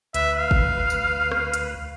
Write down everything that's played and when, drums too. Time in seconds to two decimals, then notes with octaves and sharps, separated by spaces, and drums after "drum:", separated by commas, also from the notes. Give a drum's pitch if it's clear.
0.14 D2 B4 E5, drum: hi-hat
0.38 F5
0.51 drum: kick
0.90 drum: tambourine
1.32 drum: rim click
1.54 drum: hi-hat